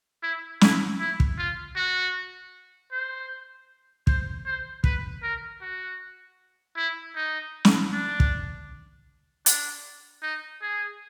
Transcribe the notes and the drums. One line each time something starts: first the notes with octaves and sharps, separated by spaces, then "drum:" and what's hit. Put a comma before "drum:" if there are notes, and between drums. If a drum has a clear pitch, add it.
E4
E4, drum: snare
E4
drum: kick
F4
F#4
C5
C5, drum: kick
C5
B4, drum: kick
A#4
F#4
E4
D#4
drum: snare
D4
drum: kick
D4, drum: hi-hat
D#4
G#4